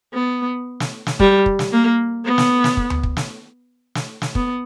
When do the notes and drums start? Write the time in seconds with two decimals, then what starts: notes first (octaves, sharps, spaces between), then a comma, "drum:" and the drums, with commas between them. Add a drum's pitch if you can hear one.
0.14 B3
0.80 drum: snare
1.06 drum: snare
1.20 G3, drum: kick
1.46 drum: kick
1.59 drum: snare
1.72 A#3
2.25 B3
2.38 drum: snare
2.64 drum: snare
2.77 drum: kick
2.90 drum: tom D2
3.03 drum: kick
3.17 drum: snare
3.95 drum: snare
4.22 drum: snare
4.35 B3, drum: kick